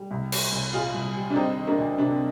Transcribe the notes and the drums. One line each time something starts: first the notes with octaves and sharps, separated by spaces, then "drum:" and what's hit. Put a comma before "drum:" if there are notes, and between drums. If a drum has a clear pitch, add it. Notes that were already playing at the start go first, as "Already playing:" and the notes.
Already playing: G3
C2
G3, drum: cymbal
C2
A#2 F4 G#4
C2
G3
D4
G3 C4 D#4
D#3
A#3 D4
D2
C3 D4
C4